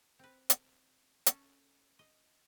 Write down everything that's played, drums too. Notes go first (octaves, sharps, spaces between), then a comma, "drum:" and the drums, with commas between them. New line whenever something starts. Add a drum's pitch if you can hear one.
C4 B4
drum: hi-hat
C#4 A4, drum: hi-hat
D#5